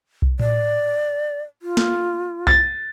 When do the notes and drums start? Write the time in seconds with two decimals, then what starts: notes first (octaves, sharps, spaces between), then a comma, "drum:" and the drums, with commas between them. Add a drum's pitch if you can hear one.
0.22 drum: kick B1
0.40 D5, drum: tom A2
1.62 F4
1.77 drum: snare
2.47 A6, drum: kick B1